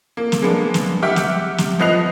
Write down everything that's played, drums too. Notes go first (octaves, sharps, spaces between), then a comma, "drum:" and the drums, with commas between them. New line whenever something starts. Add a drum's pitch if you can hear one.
A#3
drum: snare
G#3 A#3 B3 D4
drum: snare
G4 E5 F#5 D6 F6
drum: snare
drum: snare
F3 B3 D#5 F#6 C7 F7